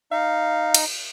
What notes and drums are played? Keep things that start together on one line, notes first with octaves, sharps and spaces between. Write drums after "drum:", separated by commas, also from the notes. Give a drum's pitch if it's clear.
D#4 F5
drum: cymbal